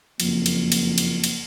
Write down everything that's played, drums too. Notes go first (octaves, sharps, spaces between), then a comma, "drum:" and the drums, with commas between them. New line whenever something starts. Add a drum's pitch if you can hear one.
F#1 F2 F3 A#3, drum: cymbal
drum: cymbal
drum: cymbal
drum: cymbal
drum: cymbal